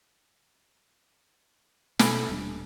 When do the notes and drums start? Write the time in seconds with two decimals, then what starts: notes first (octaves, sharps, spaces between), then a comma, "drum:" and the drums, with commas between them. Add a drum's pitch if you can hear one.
1.99 B2 A4 G#5 B5, drum: snare
2.29 D#1 G3 D4